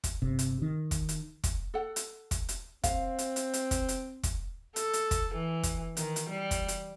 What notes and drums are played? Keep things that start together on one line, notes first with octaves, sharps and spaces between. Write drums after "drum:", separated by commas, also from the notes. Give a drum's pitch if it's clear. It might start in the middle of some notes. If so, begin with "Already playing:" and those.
drum: kick, hi-hat
G1 C3
drum: hi-hat
D#3
drum: kick, hi-hat
drum: hi-hat
drum: kick, hi-hat
A4 F#5
drum: hi-hat
drum: kick, hi-hat
drum: hi-hat
C4 F5, drum: kick, hi-hat
drum: hi-hat
drum: hi-hat
drum: hi-hat
drum: kick, hi-hat
drum: hi-hat
drum: kick, hi-hat
A4, drum: hi-hat
drum: hi-hat
drum: kick, hi-hat
E3
drum: kick, hi-hat
D#3, drum: hi-hat
drum: hi-hat
G3
drum: kick, hi-hat
drum: hi-hat